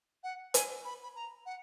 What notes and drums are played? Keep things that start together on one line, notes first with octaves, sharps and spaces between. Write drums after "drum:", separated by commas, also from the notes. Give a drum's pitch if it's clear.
F#5
G#5, drum: hi-hat
B5
B5
A#5
F#5